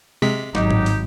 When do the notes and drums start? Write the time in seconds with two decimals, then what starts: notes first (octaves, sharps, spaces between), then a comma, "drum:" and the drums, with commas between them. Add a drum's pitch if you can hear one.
0.22 C3 G#3 B6
0.55 G#1 F#3 D#4 G4, drum: snare
0.71 drum: tom A2
0.86 drum: open hi-hat